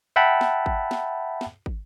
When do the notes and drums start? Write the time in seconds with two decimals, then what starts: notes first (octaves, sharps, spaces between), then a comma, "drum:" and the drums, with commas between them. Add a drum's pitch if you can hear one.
0.16 E5 F#5 G5 A5 B5
0.41 drum: snare
0.66 drum: kick
0.91 drum: snare
1.41 drum: snare
1.66 drum: kick